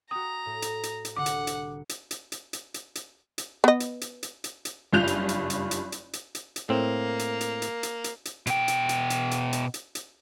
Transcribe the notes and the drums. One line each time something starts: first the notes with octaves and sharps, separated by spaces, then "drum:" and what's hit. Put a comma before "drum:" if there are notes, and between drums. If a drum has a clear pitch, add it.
F#4 G5 A#5 D#6
A2
drum: hi-hat
drum: hi-hat
drum: hi-hat
C2 D3 F#5 D6
drum: hi-hat
drum: hi-hat
drum: hi-hat
drum: hi-hat
drum: hi-hat
drum: hi-hat
drum: hi-hat
drum: hi-hat
drum: hi-hat
B3 D#5
drum: hi-hat
drum: hi-hat
drum: hi-hat
drum: hi-hat
drum: hi-hat
F#1 G2 F4 G6 F7
drum: hi-hat
drum: hi-hat
drum: hi-hat
drum: hi-hat
drum: hi-hat
drum: hi-hat
drum: hi-hat
drum: hi-hat
A2 A#3 C4
drum: hi-hat
drum: hi-hat
drum: hi-hat
drum: hi-hat
drum: hi-hat
drum: hi-hat
B2 G5, drum: hi-hat
drum: hi-hat
drum: hi-hat
drum: hi-hat
drum: hi-hat
drum: hi-hat
drum: hi-hat
drum: hi-hat